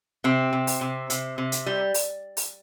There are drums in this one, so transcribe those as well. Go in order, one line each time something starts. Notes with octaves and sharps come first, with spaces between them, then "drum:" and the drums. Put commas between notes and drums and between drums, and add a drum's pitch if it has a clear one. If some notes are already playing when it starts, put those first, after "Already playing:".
C3 C4
C3
drum: open hi-hat
C3
C3, drum: hi-hat
C3
drum: hi-hat
G3
drum: open hi-hat
drum: open hi-hat